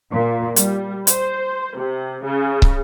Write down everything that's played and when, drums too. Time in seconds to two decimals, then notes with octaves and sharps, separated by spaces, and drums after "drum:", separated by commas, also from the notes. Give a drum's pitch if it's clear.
0.10 A#2
0.56 G3, drum: hi-hat
1.07 C5, drum: hi-hat
1.77 C3
2.25 C#3
2.62 drum: kick